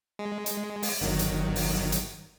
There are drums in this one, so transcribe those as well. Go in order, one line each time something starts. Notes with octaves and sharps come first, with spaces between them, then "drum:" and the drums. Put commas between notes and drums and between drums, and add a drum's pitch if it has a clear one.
G#3
drum: hi-hat
drum: open hi-hat
G1 D#3 F#3
drum: hi-hat
drum: open hi-hat
drum: hi-hat